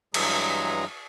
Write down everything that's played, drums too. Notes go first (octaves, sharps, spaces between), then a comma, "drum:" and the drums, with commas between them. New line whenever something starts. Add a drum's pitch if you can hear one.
G2 E3 F#3 G#3 G#4 A#5, drum: cymbal